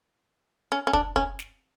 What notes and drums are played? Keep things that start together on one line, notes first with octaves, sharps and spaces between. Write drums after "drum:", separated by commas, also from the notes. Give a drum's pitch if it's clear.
C#4
C#4
D4, drum: kick
C#4, drum: kick
drum: snare